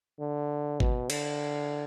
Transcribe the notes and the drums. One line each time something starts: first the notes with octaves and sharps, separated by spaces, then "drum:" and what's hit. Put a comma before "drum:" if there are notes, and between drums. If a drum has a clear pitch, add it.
D3
B2, drum: kick
D3, drum: cymbal